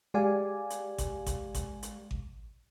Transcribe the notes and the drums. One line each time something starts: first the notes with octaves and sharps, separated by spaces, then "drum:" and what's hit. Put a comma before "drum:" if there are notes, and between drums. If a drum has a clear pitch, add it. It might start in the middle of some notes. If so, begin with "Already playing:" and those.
G#3 G4 D5 F5 G#5
drum: hi-hat
drum: kick G#1, hi-hat
drum: kick G#1, hi-hat
drum: kick G#1, hi-hat
drum: hi-hat
drum: kick G#1